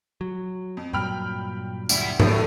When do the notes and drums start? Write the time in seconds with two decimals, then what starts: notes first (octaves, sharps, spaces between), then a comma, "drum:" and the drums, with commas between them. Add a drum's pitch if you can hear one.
0.21 F#3
0.77 F2
0.93 G2 A#2 F#3 G5 B5 F6
1.89 D2 G3 E4, drum: tambourine
2.20 D3 F#3 A3 E4, drum: tom G#2